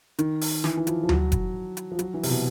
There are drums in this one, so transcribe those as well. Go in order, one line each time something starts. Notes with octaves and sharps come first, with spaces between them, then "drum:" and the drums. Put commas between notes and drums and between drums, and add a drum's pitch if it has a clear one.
D#3, drum: hi-hat
drum: open hi-hat
E3, drum: snare
E3
F3, drum: hi-hat
F3
F#3, drum: tom D2
drum: kick F1, hi-hat
drum: hi-hat
F3
F#3, drum: hi-hat
E3
C3, drum: open hi-hat
B2